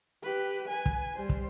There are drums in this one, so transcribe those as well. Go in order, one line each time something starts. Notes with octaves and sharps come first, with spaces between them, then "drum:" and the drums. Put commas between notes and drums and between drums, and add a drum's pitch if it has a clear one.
G4 B4
B4 G#5
drum: kick
G3 C5
drum: kick